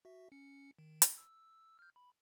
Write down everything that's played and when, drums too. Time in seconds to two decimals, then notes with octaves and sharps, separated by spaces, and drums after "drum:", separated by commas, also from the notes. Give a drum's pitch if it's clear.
0.05 F#4 E5
0.32 C#4 C#7
0.79 D#3
1.02 drum: hi-hat
1.18 E6
1.79 F6 G6
1.96 B5